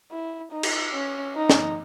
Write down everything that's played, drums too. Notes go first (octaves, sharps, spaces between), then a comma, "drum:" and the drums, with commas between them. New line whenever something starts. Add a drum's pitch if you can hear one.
E4
D#4
drum: cymbal
C#4
D#4
drum: snare